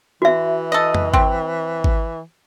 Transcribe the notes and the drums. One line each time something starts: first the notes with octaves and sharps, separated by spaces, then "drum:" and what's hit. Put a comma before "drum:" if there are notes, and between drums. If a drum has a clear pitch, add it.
E3 F#4 E5
A4 D#5
drum: tom F2
C4, drum: kick G#1
drum: kick G#1